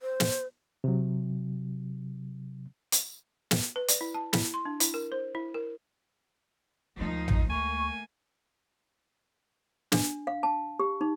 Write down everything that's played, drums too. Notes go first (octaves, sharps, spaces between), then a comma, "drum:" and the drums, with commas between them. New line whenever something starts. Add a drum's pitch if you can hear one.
C5
drum: snare
C3 F#3
drum: hi-hat
drum: snare
B4
D5, drum: hi-hat
E4
A5
E4, drum: snare
C6
D4
E4, drum: hi-hat
A#4
C5
E4
A#4
D2 D#3 F3 G#3 D#4
drum: tom A1
A3 A#3 G#5 C#6
D4, drum: snare
F5
A5
G4
D#4